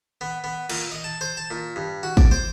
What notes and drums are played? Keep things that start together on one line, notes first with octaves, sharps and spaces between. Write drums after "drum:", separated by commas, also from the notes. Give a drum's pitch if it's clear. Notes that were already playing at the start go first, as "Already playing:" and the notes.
B3
B3
A#2, drum: cymbal
D#5
A5
C5
A5
A#2
G2
F#4
D5, drum: kick
C5